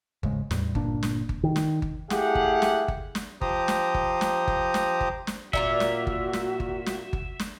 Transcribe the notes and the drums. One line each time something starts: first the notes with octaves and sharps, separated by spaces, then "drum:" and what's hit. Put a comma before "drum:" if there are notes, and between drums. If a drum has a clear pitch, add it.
G#2 C#3 G#3, drum: kick G1
E2 A2 G3, drum: snare
G1 A#2 D4, drum: kick G1
drum: snare
drum: kick G1
D#3
drum: snare
drum: kick G1
A3 E4 G4 G#4 F5 F#5, drum: snare
drum: kick G1
drum: snare
drum: kick G1
drum: snare
F3 G4 C5 A#5 D#6, drum: kick G1
drum: snare
drum: kick G1
drum: snare
drum: kick G1
drum: snare
drum: kick G1
drum: snare
A#2 A#3 F4 F#4 E5, drum: kick G1
drum: snare
drum: kick G1
drum: snare
drum: kick G1
drum: snare
drum: kick G1
drum: snare